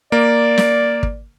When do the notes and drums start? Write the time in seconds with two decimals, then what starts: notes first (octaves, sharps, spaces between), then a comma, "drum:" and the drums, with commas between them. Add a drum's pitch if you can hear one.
0.12 A#3 D5
0.58 drum: snare
1.03 drum: kick